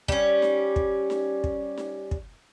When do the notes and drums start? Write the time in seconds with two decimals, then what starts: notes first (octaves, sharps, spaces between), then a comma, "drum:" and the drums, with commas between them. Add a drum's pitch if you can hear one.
0.08 G3 C#4, drum: kick
0.42 drum: snare D#4
0.76 drum: kick
1.10 drum: snare D#4
1.44 drum: kick
1.78 drum: snare D#4
2.11 drum: kick